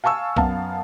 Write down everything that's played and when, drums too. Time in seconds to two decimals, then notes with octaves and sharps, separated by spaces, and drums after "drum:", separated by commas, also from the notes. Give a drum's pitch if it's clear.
0.04 F5 G#5 A5 C#6 E6
0.36 F#2 B3 F5 A5, drum: kick B1